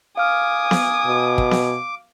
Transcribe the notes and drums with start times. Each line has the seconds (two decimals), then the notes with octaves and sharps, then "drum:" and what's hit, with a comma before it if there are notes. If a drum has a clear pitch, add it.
0.17 F5 G#5 D6 D#6 F6
0.71 drum: snare B3
1.06 B2
1.38 drum: kick
1.51 drum: snare B3